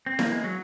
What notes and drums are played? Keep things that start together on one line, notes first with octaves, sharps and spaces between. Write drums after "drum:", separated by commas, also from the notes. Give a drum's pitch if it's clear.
C4
A#3, drum: snare E4
G#3
F#3